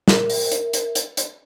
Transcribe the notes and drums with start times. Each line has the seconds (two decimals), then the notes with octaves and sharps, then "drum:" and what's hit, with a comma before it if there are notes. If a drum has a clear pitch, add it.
0.08 A#4 E5, drum: snare
0.30 drum: open hi-hat
0.51 drum: hi-hat
0.73 drum: hi-hat
0.95 drum: hi-hat
1.17 drum: hi-hat